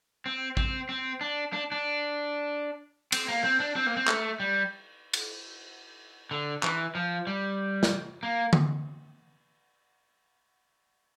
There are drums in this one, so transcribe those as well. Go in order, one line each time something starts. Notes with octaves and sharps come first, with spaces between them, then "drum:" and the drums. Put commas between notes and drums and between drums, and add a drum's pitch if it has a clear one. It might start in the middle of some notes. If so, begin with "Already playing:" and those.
C4
C4, drum: kick
C4
D4
D4
D4
C4, drum: cymbal
A#3
C4
D4
C4
A#3
C4
A3, drum: clap
G3
drum: cymbal
D3
E3, drum: clap
F3
G3
drum: snare
A#3
drum: tom D3